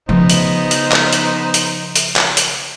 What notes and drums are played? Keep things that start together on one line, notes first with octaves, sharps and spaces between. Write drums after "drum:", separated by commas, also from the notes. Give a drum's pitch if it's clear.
C#3 F3 B3 D#4 C5
drum: hi-hat
drum: hi-hat
drum: clap
drum: hi-hat
drum: hi-hat
drum: hi-hat
drum: clap
drum: hi-hat